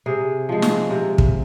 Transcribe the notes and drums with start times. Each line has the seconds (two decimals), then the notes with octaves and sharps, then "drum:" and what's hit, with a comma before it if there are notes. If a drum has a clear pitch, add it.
0.06 C3 G#4
0.49 F3 G#3
0.62 drum: snare
0.90 C3
1.18 drum: kick